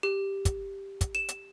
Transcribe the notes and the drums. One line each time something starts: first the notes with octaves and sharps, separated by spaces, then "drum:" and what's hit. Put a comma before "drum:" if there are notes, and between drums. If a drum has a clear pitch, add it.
G4
drum: kick, hi-hat
drum: kick, hi-hat
E7
drum: hi-hat